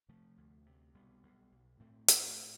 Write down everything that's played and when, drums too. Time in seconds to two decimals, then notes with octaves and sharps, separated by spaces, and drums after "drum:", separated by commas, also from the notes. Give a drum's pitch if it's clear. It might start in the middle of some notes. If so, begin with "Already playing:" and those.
0.09 C3 F3 A3
0.37 D2
0.66 C3
0.95 B1 G3 B3
1.23 B1
1.52 B1
1.80 A2 A3 C4
2.08 A2, drum: hi-hat
2.38 A2